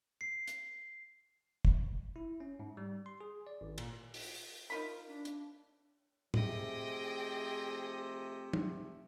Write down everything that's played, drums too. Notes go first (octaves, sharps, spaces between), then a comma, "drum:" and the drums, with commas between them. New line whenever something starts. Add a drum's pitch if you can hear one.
C7
drum: hi-hat
drum: kick
E4
C#4
G#2
G3
C6
G#4
D5
G#1
A#2, drum: cymbal
drum: open hi-hat
D#4 F4 A#4 B5
D4
drum: hi-hat
C3 F3 A3 G#4 D#5 G5, drum: tom
drum: tom